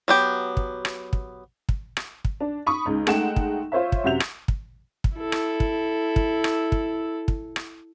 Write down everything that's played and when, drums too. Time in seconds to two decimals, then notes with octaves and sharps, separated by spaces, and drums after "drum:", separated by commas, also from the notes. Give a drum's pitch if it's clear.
0.08 F#3 B3 G4
0.57 drum: kick
0.85 drum: rim click
1.13 drum: kick
1.69 drum: kick
1.97 drum: rim click
2.25 drum: kick
2.40 D4
2.67 B5 C#6 D#6
2.86 C#2 D#4
3.07 G#3 A3 D#4 F#5 G5 E7, drum: rim click
3.36 drum: kick
3.72 F4 C5 C#5 E5
3.92 drum: kick
4.04 F#2 C3 F#4 E5 G6 F7
4.20 drum: rim click
4.48 drum: kick
5.04 drum: kick
5.17 E4 A4
5.32 drum: rim click
5.60 drum: kick
6.16 drum: kick
6.44 drum: rim click
6.72 drum: kick
7.28 drum: kick
7.56 drum: rim click